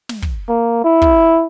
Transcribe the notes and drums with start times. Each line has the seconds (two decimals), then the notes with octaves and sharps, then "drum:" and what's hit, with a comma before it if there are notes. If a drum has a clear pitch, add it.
0.09 drum: snare
0.22 drum: kick
0.49 A#3
0.84 E4
1.02 drum: kick